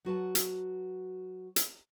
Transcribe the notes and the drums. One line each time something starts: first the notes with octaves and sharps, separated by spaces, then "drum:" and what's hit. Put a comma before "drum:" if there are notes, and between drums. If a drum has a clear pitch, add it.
F#3 F#4 B4 A5
drum: hi-hat
drum: hi-hat